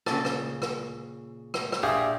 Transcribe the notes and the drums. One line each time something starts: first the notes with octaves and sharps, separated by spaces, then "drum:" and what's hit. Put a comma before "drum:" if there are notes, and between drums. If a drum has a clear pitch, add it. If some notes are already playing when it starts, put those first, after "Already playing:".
A#2 C#3 A5, drum: rim click
drum: rim click
drum: rim click
drum: rim click
drum: rim click
A#1 G4 G#4 E5 F5